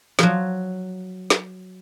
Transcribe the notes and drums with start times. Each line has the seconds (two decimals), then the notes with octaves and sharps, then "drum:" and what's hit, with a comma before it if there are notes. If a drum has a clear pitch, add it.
0.19 F3 F#3, drum: snare
1.30 drum: snare